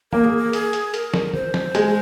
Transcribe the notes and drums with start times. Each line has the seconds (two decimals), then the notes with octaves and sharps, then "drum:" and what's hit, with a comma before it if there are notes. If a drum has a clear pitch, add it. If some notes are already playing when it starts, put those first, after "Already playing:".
0.13 A#3 A#4, drum: tom
0.24 G#4
0.37 A#4
0.53 G#4, drum: hi-hat
0.73 drum: hi-hat
0.94 A#4, drum: hi-hat
1.14 drum: snare
1.34 C5, drum: tom
1.54 drum: snare
1.75 G#3, drum: hi-hat